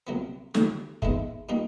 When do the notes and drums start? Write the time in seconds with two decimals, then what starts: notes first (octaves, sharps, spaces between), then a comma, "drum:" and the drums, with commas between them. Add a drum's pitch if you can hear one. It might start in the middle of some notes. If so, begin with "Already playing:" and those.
0.07 C2 A#2 F#3 B3
0.54 D#2 D3 F#3, drum: snare
1.02 G#2 E3 G#3 B3 E4, drum: kick
1.49 A#2 G3 A#3 D#4